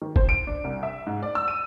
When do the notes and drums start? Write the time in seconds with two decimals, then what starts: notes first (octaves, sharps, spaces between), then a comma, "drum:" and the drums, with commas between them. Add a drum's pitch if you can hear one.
0.02 D#3
0.16 C5, drum: kick
0.29 D7
0.47 D4
0.64 C2
0.83 E5
1.07 G#2
1.23 D5
1.35 E6
1.48 D#7